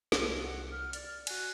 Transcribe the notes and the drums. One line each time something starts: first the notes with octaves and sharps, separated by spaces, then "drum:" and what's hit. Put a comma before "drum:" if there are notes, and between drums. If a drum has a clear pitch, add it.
C2, drum: snare
F#5
F6
D5, drum: hi-hat
F#4 G#5 F#6, drum: cymbal